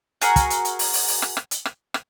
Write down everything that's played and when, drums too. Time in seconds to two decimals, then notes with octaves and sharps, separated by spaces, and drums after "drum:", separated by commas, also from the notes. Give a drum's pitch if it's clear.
0.21 F#4 G#4 A#4, drum: hi-hat
0.36 drum: kick, hi-hat
0.50 drum: hi-hat
0.65 drum: hi-hat
0.79 drum: open hi-hat
0.93 drum: open hi-hat
1.08 drum: open hi-hat
1.22 drum: rim click
1.37 drum: rim click
1.51 drum: hi-hat
1.65 drum: rim click
1.94 drum: rim click